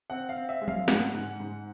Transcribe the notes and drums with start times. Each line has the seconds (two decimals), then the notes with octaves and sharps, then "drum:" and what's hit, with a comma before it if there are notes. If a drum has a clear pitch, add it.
0.10 C4 F#5
0.29 F5
0.36 C4
0.49 E5
0.61 G#3
0.68 F5, drum: tom F3
0.88 G#2 F#5, drum: snare
1.14 G#2
1.40 G#2